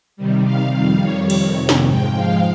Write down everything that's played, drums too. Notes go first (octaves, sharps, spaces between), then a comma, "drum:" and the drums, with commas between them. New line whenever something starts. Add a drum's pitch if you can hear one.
C3 D#3 G3
F5
F2 D#3 G3 F5
C#5
F2 C3 D#3 C#5, drum: cymbal
drum: snare
G#2 F3 G#3 G5
F5